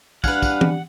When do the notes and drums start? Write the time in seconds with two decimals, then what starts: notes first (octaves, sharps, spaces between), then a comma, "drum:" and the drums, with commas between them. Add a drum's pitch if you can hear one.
0.24 G3 D4 G4 B4 F5 F#5 G#5, drum: kick, tambourine
0.42 drum: kick, tambourine
0.61 drum: tom E3